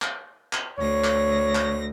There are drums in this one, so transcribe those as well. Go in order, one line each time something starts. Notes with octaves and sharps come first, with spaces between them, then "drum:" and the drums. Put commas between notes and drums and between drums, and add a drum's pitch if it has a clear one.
drum: clap
drum: clap
D2 C#5 A#6
drum: clap
drum: clap